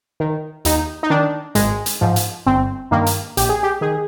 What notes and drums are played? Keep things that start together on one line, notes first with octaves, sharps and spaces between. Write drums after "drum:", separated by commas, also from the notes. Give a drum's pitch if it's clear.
D#3
D#2 D#4, drum: hi-hat
D#4
D#3 D4
G#1 G#3, drum: hi-hat
drum: hi-hat
G#2 F3
drum: hi-hat
G1 C4
G2 D#3 A#3
drum: hi-hat
A#1 G4, drum: hi-hat
G#4
G4
D#3 G#4